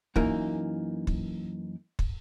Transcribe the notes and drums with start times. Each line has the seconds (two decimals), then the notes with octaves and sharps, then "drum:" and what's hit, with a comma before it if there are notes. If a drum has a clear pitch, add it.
0.16 F#2 E3 A#3 D#4, drum: kick
1.07 drum: kick
1.99 drum: kick